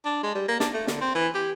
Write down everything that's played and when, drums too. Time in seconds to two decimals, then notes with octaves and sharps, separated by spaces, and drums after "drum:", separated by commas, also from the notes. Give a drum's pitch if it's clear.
0.05 D4
0.23 G#3
0.35 G3
0.48 A#3
0.60 D4, drum: snare
0.73 A3
0.87 D3, drum: snare
1.01 C4
1.15 E3
1.35 G4